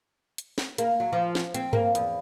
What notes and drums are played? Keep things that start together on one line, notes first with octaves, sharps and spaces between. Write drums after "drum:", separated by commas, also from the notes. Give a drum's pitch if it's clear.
drum: hi-hat
drum: snare
A#3, drum: hi-hat
F#3
F3
drum: snare
C4, drum: hi-hat
A#3, drum: tom G2
E2, drum: hi-hat